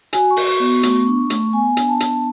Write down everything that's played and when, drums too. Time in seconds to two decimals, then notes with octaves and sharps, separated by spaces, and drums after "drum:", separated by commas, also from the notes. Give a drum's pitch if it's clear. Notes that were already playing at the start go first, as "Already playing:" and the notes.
0.13 F#4 G#5, drum: hi-hat
0.31 C#6
0.37 F#4, drum: open hi-hat
0.48 C#6
0.60 B3
0.66 C#6
0.83 A3, drum: hi-hat
1.07 D4
1.30 A3, drum: hi-hat
1.53 B3 G#5
1.77 D4, drum: hi-hat
1.88 A5
2.00 B3, drum: hi-hat